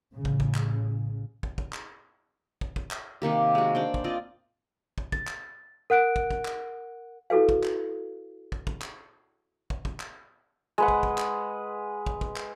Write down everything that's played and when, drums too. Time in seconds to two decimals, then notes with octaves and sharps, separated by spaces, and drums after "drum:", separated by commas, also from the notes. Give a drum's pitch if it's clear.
0.14 A1 C#3
0.25 drum: kick
0.40 drum: kick
0.55 drum: clap
1.43 drum: kick
1.58 drum: kick
1.73 drum: clap
2.61 drum: kick
2.76 drum: kick
2.91 drum: clap
3.22 C3 D#3 A#3 G4
3.55 G#3 F#4
3.75 D4 C5 G5
3.94 drum: kick
4.04 C4 F4 D5 D#5
4.98 drum: kick
5.12 A6, drum: kick
5.27 drum: clap
5.90 A#4 F#5 F#6 D7
6.16 drum: kick
6.31 drum: kick
6.45 drum: clap
7.30 E4 F#4 A4 B4 F5
7.49 drum: kick
7.63 drum: clap
8.52 drum: kick
8.67 drum: kick
8.82 drum: clap
9.70 drum: kick
9.85 drum: kick
10.00 drum: clap
10.78 G#3 B4 F#5
10.88 drum: kick
11.03 drum: kick
11.18 drum: clap
12.06 drum: kick
12.21 drum: kick
12.36 drum: clap